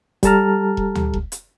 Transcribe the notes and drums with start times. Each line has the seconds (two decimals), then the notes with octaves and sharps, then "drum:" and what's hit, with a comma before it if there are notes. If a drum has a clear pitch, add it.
0.23 G3 G4 A4 A5 A#5 F6, drum: kick E1, hi-hat
0.77 drum: kick E1
0.95 drum: tom D2
1.14 drum: kick E1
1.32 drum: hi-hat